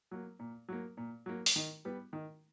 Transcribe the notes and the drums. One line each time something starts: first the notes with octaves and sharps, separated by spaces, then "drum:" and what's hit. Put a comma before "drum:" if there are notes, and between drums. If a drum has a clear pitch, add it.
F#3 A#3
A#2
F#3 A#3
A#2
F#3 A#3
drum: open hi-hat
D#3
G3 B3
D#3